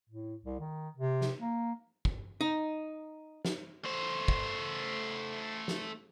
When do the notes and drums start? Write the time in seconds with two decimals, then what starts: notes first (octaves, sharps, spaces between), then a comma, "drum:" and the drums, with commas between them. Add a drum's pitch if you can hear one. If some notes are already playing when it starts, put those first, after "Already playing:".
0.10 A2
0.45 C2
0.60 D#3
0.97 C3
1.21 drum: snare
1.40 A#3
2.05 drum: kick
2.41 D#4
3.45 drum: snare
3.85 A3 C5
4.28 drum: kick
5.68 drum: snare